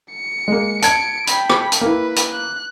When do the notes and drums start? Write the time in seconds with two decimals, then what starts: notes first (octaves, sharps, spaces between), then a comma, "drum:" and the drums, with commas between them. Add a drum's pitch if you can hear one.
0.13 C#7
0.48 G#3 A#3
0.82 A5 G#6 C#7 D7, drum: hi-hat
1.27 G5 B5, drum: hi-hat
1.50 drum: rim click
1.72 drum: hi-hat
1.81 A#3 E4 B4
2.16 drum: hi-hat
2.33 F#6